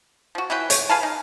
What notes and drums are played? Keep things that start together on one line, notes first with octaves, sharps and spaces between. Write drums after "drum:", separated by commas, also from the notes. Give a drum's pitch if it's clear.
F3 F#4
E3 F#3 B4 G5
C#5, drum: hi-hat
G#4 B4 F5 A5
D#4